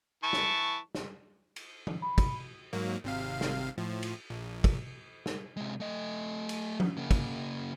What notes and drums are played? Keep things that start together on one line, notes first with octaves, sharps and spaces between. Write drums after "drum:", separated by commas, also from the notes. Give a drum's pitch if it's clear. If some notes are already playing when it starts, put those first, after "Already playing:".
E3 A5 C#6
drum: snare
drum: snare
drum: cymbal
drum: tom
B5
drum: kick, cymbal
G#2 F#3 A#3
G#1 C3 F5
drum: snare
A2 F3
drum: cymbal
A#1
drum: kick, cymbal
drum: snare
C3 G#3
A3 D#5
drum: cymbal
drum: tom F3
C#3 A#3
drum: kick, cymbal